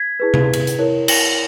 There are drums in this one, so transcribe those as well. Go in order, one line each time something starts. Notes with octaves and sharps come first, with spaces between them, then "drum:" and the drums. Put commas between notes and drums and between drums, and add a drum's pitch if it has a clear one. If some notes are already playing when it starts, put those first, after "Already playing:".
Already playing: G#6 B6
E4 G#4 B4
drum: tom C3
drum: cymbal
drum: hi-hat
E4 A#4 C#5
A#6 C#7, drum: cymbal